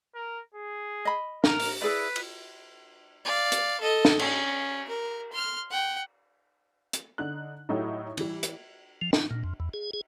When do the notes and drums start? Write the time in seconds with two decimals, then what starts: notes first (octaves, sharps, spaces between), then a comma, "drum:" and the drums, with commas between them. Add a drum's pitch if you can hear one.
0.15 A#4
0.54 G#4
1.05 D#5 B5
1.44 A#4, drum: snare
1.60 drum: open hi-hat
1.82 E4 G#4 B4 D5
2.16 drum: cymbal
3.25 D5 F5
3.52 drum: hi-hat
3.80 A4 D#5
4.05 drum: snare
4.19 C#4, drum: cymbal
4.88 A#4
5.32 C6 F6
5.70 F#5 G5
6.93 drum: hi-hat
7.18 D3 D#4 F#6
7.69 A2 F#3 A3 D#4 E4 G4
8.17 E3 G3, drum: cymbal
8.43 drum: hi-hat
9.02 F3
9.13 E4, drum: snare
9.31 A#2
9.44 F2
9.60 E2
9.74 G#4
9.94 G#4